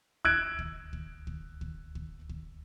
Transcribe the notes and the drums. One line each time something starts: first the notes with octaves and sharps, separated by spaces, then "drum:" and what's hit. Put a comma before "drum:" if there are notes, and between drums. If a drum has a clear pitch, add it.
E6 F#6 G#6 D7, drum: kick
drum: kick
drum: kick
drum: kick
drum: kick
drum: kick
drum: kick